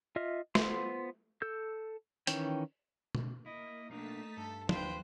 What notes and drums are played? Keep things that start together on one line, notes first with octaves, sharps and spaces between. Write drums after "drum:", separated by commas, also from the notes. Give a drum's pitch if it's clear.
F4 D#5 E5 F6
B3 F4 C5 C6, drum: snare
A4 E6 G6
D#3 E3 C#4 G5, drum: hi-hat
drum: tom B2
A#3 E4 D#5
B1 A3 A#3 D4 D#4 A5 B6
G2 A4
D#2 E4 F4 B4 C5 G5 F#6, drum: tom F3